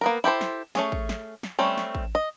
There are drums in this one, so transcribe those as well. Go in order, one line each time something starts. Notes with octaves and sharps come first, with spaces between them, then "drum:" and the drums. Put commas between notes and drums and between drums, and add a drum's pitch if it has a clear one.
A#3 B3 A#4
E4 G4 A4 C5
drum: snare
A3 C#4 G#4, drum: snare
drum: kick A1
drum: snare
drum: snare
G3 A3 C4 C#4
drum: snare
drum: kick A1
D#5